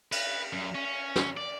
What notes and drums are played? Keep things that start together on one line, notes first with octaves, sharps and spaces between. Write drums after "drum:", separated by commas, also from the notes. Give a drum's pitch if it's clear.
B4, drum: cymbal
F#2
C#4
drum: snare
D5